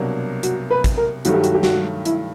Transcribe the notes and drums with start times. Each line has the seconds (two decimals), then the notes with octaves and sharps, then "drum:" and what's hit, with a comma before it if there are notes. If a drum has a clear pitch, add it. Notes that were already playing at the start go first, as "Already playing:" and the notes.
Already playing: C2 B2 F#3 A#3 D4
0.43 F#4, drum: hi-hat
0.70 B4
0.84 drum: kick, hi-hat
0.97 A#4
1.25 G2 D#3 F#3 A3 F#4, drum: hi-hat
1.34 G4
1.44 F#4, drum: hi-hat
1.54 G4
1.63 F#4, drum: snare
2.05 E4, drum: hi-hat